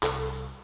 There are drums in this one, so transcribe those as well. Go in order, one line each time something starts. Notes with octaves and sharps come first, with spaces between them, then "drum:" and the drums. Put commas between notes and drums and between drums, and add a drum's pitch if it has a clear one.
C2 A4, drum: clap